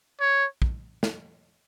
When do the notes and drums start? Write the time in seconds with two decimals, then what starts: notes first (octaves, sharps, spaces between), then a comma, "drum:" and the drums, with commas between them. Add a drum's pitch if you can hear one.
0.21 C#5
0.62 drum: kick
1.03 drum: snare